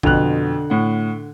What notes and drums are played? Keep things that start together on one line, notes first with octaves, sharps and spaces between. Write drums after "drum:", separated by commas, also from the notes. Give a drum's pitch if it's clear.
F2 B2 D3 F#6 F7, drum: kick A1
A2 F#5